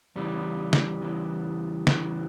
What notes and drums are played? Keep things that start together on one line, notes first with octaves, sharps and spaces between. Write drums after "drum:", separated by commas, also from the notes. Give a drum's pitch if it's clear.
E2 C#3 E3 G3
drum: snare
E2 C#3 E3
E2 C#3 E3, drum: snare